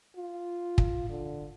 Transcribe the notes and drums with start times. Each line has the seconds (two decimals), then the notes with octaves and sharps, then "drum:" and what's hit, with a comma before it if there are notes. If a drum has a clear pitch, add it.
0.17 F4
0.78 drum: kick
1.09 D3